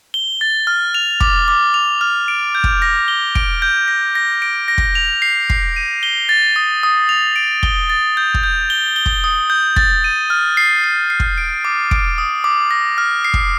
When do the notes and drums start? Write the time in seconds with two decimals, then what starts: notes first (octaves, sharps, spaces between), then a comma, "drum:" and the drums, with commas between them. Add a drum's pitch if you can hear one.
0.14 G7
0.41 A6
0.67 F6
0.95 F7
1.21 D6, drum: kick
1.48 D6
1.74 F7
2.01 F6
2.28 D7
2.55 G6
2.64 drum: kick
2.82 A#6
3.08 G7
3.35 D7, drum: kick
3.62 G6
3.88 A#6
4.15 A#6
4.42 D7
4.68 A#6
4.78 drum: kick
4.95 F7
5.22 C7
5.50 C7, drum: kick
5.76 D#7
6.03 G7
6.29 A6
6.56 D#6
6.83 D#6
7.09 F7
7.36 D7
7.63 G7, drum: kick
7.90 A6
8.17 G6
8.34 drum: kick
8.43 G6
8.70 G7
8.96 G7
9.06 drum: kick
9.24 D#6
9.50 G6
9.76 A6, drum: kick
10.04 D#7
10.30 F6
10.57 C7
10.84 C7
11.10 C7
11.20 drum: kick
11.38 D7
11.65 D6
11.91 D7, drum: kick
12.18 D#6
12.44 D6
12.71 A#6
12.98 F6
13.25 C7
13.34 drum: kick